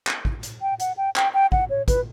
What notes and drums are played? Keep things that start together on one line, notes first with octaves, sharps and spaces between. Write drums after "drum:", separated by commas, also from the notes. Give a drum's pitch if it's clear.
drum: clap
drum: kick
drum: hi-hat
G5
F#5, drum: hi-hat
G5
G5, drum: clap
G5
F#5, drum: kick
C#5
B4, drum: kick, hi-hat